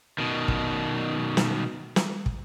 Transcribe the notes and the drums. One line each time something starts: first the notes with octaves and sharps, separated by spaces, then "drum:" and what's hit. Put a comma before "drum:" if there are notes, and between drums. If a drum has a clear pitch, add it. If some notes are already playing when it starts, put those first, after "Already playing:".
B2 D#3
drum: kick
drum: snare
drum: snare
drum: kick